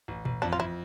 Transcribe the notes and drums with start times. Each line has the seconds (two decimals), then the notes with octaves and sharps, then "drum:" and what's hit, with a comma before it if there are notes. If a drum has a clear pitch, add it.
0.08 A1
0.25 A1, drum: tom A#2
0.42 F2 D4
0.53 F4
0.59 F2 E4